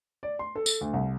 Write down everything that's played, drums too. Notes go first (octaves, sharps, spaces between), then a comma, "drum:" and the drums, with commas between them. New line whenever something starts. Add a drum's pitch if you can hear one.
D5
C6
A4
drum: tambourine
D2
C2